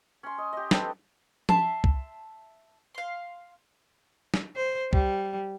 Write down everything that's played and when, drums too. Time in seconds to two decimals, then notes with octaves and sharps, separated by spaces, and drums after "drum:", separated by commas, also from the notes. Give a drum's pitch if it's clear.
0.23 C#4 C6
0.38 D#5
0.53 G4 D#5
0.71 C4 G4 A4 B4, drum: snare
1.49 E5 A5 C6, drum: tom F3
1.84 drum: kick
2.94 F5 C6
4.34 drum: snare
4.56 C5
4.93 G3, drum: kick